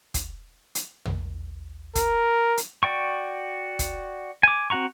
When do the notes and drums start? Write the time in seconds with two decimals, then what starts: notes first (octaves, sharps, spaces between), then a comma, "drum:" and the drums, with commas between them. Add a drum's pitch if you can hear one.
0.14 drum: kick, hi-hat
0.75 drum: hi-hat
1.05 drum: tom
1.95 A#4, drum: kick, hi-hat
2.57 drum: hi-hat
2.83 F#4 D5 G5 C#6
3.79 drum: kick, hi-hat
4.43 G#5 D6
4.70 C4 F#4 F#5 A#5 C#6